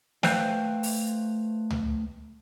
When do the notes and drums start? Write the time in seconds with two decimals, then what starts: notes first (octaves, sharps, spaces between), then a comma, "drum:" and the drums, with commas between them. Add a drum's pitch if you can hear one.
0.23 A3 B4 C5 E5 F5 G5, drum: snare
0.83 drum: open hi-hat
1.70 drum: tom C#2